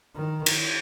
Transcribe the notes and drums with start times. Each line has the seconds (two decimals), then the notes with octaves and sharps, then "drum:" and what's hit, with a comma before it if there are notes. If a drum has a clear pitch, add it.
0.15 D#3
0.46 drum: cymbal